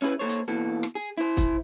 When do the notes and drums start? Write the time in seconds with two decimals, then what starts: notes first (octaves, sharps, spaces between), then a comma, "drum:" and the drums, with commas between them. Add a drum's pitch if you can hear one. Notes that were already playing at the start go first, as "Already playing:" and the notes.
0.02 C#4 E4 G#4 B4
0.19 A#3 A4 C5 C#5
0.29 drum: hi-hat
0.48 B2 E3 A#3 A4
0.83 drum: rim click
0.95 G#4
1.18 E4 C5
1.37 drum: kick, hi-hat